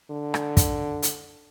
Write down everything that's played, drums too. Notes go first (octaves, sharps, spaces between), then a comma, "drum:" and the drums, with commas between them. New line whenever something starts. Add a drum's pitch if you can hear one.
D3
drum: rim click
drum: kick, hi-hat
drum: hi-hat